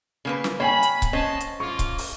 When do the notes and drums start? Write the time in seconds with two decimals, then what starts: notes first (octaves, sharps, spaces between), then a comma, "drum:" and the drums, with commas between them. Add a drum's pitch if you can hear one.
0.25 C#3 A#3 B4
0.44 drum: snare
0.60 A#3 C#5 G5 G#5 B5
0.83 drum: hi-hat
1.02 drum: kick C#1, hi-hat
1.13 B3 C#4 C5 D#5 A5
1.40 drum: hi-hat
1.60 A#3 F4 C#6
1.79 drum: kick C#1, hi-hat
1.98 drum: open hi-hat